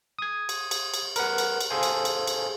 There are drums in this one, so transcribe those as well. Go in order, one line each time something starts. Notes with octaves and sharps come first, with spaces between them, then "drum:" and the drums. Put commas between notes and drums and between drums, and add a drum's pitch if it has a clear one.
D#6 G#6
drum: cymbal
drum: cymbal
drum: cymbal
A#4 B4 F#5, drum: cymbal
drum: cymbal
drum: cymbal
G#4 A4 C5 F5 G#5
drum: cymbal
drum: cymbal
drum: cymbal